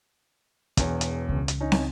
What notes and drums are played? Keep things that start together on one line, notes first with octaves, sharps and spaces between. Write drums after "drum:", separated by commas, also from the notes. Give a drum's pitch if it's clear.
E1 E2 C#5, drum: kick, hi-hat
drum: hi-hat
C#2 E3
drum: hi-hat
C#4 D#4
drum: snare